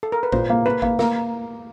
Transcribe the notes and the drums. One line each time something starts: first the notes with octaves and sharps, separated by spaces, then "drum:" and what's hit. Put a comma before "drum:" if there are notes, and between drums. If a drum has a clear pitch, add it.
A4
A#4
B4
A#2 C5, drum: kick A1
A#3
A#3 B4
A#3, drum: kick A1
A#3 A#4, drum: snare